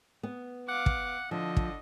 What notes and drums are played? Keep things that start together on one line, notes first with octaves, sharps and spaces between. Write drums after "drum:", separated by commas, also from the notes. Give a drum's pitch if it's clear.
B3
F5 F#5 D6
drum: kick
D3 F3 D#5
drum: kick